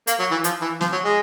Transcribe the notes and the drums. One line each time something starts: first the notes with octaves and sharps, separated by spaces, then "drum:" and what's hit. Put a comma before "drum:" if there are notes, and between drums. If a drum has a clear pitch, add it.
A#3, drum: hi-hat
F#3
E3
F3, drum: hi-hat
E3
F3, drum: snare
F#3
G#3